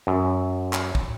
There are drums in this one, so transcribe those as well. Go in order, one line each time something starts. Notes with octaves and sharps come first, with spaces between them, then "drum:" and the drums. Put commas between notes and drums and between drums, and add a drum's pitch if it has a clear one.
F#2
drum: clap
drum: kick